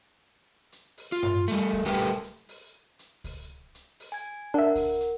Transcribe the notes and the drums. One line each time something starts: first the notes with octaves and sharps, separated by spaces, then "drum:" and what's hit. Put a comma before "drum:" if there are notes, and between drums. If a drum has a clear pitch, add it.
drum: hi-hat
drum: open hi-hat
F4
drum: tom G2
G3 A3, drum: hi-hat
drum: kick C#2
G3 A3 G4 A#4 B4
drum: hi-hat
drum: hi-hat
drum: open hi-hat
drum: hi-hat
drum: kick C#2, open hi-hat
drum: hi-hat
drum: open hi-hat
G#5 G#6
D4 A#4 E5 F#5
drum: kick C#2, open hi-hat
drum: hi-hat